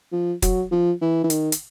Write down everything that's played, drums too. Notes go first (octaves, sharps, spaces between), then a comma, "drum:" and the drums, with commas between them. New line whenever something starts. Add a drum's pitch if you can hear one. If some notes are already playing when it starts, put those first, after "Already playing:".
F3
F#3, drum: kick, hi-hat
F3
E3
E3
D#3, drum: hi-hat
drum: hi-hat